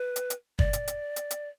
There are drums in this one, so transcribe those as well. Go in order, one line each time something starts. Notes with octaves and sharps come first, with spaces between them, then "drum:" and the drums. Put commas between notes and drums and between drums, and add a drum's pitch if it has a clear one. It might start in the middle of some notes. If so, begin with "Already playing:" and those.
Already playing: B4
drum: hi-hat
drum: hi-hat
D5, drum: kick
drum: hi-hat
drum: hi-hat
drum: hi-hat
drum: hi-hat